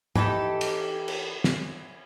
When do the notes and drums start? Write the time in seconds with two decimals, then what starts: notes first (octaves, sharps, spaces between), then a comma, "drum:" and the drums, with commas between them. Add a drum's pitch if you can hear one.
0.16 E3 D#4 G4 A4, drum: tom
0.61 drum: cymbal
1.08 drum: cymbal
1.44 drum: snare